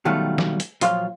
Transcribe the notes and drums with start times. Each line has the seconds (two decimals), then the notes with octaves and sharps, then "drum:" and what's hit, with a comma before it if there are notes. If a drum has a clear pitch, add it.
0.05 B2 D#3 F#3 G3 A3 F4
0.38 drum: snare
0.60 drum: hi-hat
0.81 A#2 F3 F#3 F4 F5 C6, drum: hi-hat